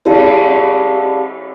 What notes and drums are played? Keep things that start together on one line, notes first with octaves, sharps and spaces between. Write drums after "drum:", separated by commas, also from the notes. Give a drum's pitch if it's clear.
G4 G#4 D5 F5 A5, drum: cymbal